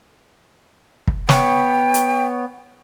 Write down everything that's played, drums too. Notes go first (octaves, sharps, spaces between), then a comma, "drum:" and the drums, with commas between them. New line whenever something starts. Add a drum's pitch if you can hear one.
drum: kick
B3 C#5 G5, drum: snare
drum: hi-hat